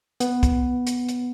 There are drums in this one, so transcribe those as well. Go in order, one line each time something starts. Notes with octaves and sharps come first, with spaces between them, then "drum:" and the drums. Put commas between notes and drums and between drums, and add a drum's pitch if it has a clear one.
B3, drum: hi-hat
drum: kick, hi-hat
drum: hi-hat
drum: hi-hat